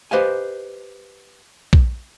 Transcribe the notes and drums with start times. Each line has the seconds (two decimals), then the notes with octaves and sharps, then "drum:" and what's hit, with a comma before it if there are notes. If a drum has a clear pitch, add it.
0.11 G4 B4 C5 D#5 F5 G#5
1.73 drum: kick A#1